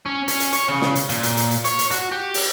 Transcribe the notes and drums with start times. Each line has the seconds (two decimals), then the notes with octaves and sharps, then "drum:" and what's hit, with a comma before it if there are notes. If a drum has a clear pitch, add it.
0.06 C#4
0.28 C#4, drum: hi-hat
0.40 drum: hi-hat
0.52 C#5, drum: hi-hat
0.68 C#3
0.82 drum: snare
0.95 drum: hi-hat
1.09 A#2, drum: hi-hat
1.23 drum: hi-hat
1.37 drum: hi-hat
1.51 drum: hi-hat
1.65 C#5, drum: hi-hat
1.79 drum: hi-hat
1.91 F#4, drum: hi-hat
2.12 G4
2.34 drum: open hi-hat